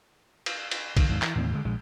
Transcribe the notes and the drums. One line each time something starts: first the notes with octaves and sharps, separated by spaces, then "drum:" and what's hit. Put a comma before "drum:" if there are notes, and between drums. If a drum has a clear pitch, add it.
drum: cymbal
drum: cymbal
D3 D#3, drum: kick, cymbal
D#2 G#2
E3, drum: clap
D#2 A2 E3 C4
G2 D3 G#3
A#1 G#3